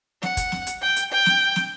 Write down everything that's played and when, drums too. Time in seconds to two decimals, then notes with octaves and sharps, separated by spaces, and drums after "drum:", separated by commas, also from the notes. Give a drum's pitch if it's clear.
0.23 F#5, drum: snare
0.37 drum: kick, hi-hat
0.52 drum: snare
0.67 drum: hi-hat
0.82 G5
0.96 drum: hi-hat
1.12 G5
1.26 drum: snare
1.56 drum: snare